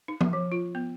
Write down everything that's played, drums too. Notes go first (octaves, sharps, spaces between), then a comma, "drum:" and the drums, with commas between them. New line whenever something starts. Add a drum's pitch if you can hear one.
D#4
drum: tom F3
F3
F4
B3